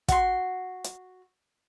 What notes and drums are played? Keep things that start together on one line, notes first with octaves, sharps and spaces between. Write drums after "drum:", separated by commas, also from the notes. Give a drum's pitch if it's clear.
F#4 C6, drum: kick, hi-hat
drum: hi-hat